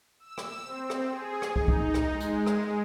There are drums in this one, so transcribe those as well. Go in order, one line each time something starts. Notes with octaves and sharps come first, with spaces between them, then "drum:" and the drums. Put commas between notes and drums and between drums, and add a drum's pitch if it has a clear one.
E6
drum: rim click
C4
drum: rim click
G#4
drum: rim click
D#4, drum: kick
drum: kick
drum: rim click
G#3
drum: hi-hat
drum: rim click